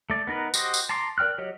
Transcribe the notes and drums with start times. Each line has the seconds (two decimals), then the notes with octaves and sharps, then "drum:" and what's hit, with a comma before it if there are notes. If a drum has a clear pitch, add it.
0.10 A3 D5
0.27 B3 D#4 A#4 B4
0.54 F#4 G4 C5 D#5, drum: tambourine
0.74 drum: tambourine
0.89 A5 A#5 C6 D6
1.18 A#4 D5 G5 F6 F#6
1.38 F#3 G4 C#5 D#5